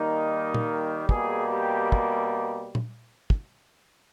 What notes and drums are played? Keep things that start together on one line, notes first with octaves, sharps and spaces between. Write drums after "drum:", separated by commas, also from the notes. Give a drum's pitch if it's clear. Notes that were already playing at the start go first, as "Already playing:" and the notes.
Already playing: D#3 G3 A#3 D#4
drum: tom A#2
B2 G3 A#3 G#4, drum: kick
G4
drum: kick
drum: tom A#2
drum: kick